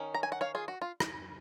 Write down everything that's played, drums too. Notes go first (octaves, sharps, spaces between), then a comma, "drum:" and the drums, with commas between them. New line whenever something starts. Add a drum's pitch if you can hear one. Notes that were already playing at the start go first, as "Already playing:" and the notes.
Already playing: D#3 C#4
A#5
G#5
F#5
C#5 F5
F4 G#4
F#4
F4
drum: rim click